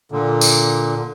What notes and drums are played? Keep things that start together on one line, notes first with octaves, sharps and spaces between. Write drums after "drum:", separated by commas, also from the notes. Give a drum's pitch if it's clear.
A#2 D3
drum: tambourine